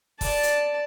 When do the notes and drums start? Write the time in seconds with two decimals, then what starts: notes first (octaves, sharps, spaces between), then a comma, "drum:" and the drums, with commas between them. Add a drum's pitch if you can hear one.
0.21 D5 A5, drum: kick, open hi-hat
0.43 drum: hi-hat